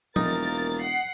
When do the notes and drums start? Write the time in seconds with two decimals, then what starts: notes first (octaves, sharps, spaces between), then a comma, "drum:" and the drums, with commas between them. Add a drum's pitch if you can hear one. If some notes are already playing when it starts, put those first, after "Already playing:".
0.16 E1 F3 A#3 D#4 A#4 A6, drum: tom F3
0.80 F#5 C7